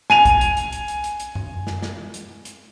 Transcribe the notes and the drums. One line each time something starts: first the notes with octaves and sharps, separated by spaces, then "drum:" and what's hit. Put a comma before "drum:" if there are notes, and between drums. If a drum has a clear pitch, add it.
G#5 D#7 F7, drum: snare
drum: kick, hi-hat
drum: hi-hat
drum: hi-hat
drum: hi-hat
drum: hi-hat
drum: hi-hat
drum: hi-hat
drum: tom F#2
drum: snare
drum: snare
drum: hi-hat
drum: hi-hat